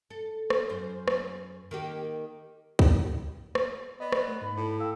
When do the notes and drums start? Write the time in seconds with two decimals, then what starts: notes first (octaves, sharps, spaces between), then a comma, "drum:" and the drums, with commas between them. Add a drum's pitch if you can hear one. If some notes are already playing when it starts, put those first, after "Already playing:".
0.10 A4
0.50 drum: rim click
0.69 F#2 C5
1.08 drum: rim click
1.71 D#3 A#3 G4
2.79 drum: kick
3.55 drum: rim click
4.00 B3 D5 D#5
4.12 drum: rim click
4.28 A3 A#4
4.42 G#2 B5
4.56 A2
4.79 A4 F5 G5 E6